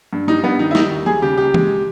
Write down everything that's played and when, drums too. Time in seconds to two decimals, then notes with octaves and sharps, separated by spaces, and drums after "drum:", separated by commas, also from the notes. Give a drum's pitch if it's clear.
0.13 G2
0.27 G3 D#4
0.44 G2 B3
0.59 D#3 D#4
0.71 E4
0.75 G3 D#4, drum: snare
0.91 D#2
1.06 G3 G#4
1.22 C#3 G4
1.37 C#2 G4
1.54 G#3, drum: tom E3